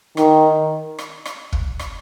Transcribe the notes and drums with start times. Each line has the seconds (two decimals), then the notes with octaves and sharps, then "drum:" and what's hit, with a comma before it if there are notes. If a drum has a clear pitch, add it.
0.17 D#3, drum: rim click
0.99 drum: rim click
1.25 drum: rim click
1.52 drum: kick
1.79 drum: rim click